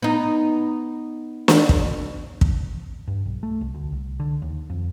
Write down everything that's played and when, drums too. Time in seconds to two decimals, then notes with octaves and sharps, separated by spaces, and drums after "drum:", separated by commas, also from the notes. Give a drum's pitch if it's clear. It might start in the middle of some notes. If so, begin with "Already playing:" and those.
0.03 B3 D#4
1.48 drum: snare
1.69 drum: kick
2.41 drum: kick
3.08 G2
3.26 B1
3.43 A3
3.61 C2
3.75 D2
3.92 C2
4.20 D3
4.42 D#2
4.70 F2